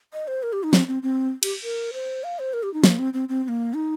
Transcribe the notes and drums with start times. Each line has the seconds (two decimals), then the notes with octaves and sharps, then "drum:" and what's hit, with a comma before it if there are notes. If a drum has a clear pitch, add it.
0.13 D#5
0.28 C5
0.43 A#4
0.53 G4
0.63 D#4
0.73 C4, drum: snare
0.87 C4
1.03 C4
1.43 G4, drum: cymbal
1.64 A#4
1.93 C5
2.24 F5
2.39 C5
2.53 A#4
2.63 G4
2.74 D#4
2.84 A#3, drum: snare
2.99 C4
3.14 C4
3.29 C4
3.44 C4
3.48 A#3
3.74 D#4